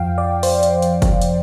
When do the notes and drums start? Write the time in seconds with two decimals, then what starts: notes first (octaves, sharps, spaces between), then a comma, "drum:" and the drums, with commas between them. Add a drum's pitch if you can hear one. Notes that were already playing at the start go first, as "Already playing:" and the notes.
Already playing: F2 F3 F5 G5
0.18 D5
0.43 C5, drum: open hi-hat
0.63 drum: hi-hat
0.82 drum: hi-hat
1.02 drum: kick F#1, hi-hat
1.22 drum: hi-hat